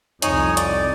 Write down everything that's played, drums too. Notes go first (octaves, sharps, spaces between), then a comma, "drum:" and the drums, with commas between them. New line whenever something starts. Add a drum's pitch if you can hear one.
C2 F2 D#4 C#5 G#5, drum: hi-hat
D5, drum: hi-hat